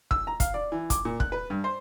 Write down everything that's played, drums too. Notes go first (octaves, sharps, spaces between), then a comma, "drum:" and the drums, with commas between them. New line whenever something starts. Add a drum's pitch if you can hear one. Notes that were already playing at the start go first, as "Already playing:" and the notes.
E6, drum: kick
A#5
F5, drum: kick, hi-hat
D5
E3
D6, drum: kick, hi-hat
A#2
F#6, drum: kick
B4
G2
C5